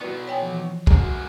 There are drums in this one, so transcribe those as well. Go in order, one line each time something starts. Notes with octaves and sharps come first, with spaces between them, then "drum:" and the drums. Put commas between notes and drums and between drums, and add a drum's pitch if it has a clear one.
F#3 B3 E4 F#4 B4 D5
C#5 G5 G#5
E3 F3
G#4 A#4 F#5 A5 A#5, drum: kick
F#4 B4 E5